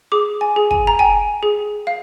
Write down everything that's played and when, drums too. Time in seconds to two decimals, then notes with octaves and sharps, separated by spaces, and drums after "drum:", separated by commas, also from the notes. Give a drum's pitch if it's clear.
0.12 G#4 D6
0.41 G#5
0.56 G#4
0.71 G#5, drum: kick
0.87 A#5
0.99 G5 G#5
1.43 G#4
1.87 F5